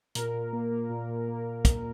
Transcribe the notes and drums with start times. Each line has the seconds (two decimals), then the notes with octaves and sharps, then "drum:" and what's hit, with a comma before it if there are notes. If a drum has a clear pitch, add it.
0.15 A#2 A#4, drum: hi-hat
0.34 A#2
0.53 A#3
0.71 A#3
0.90 A#2
1.09 A#2
1.28 A#3
1.65 drum: kick, hi-hat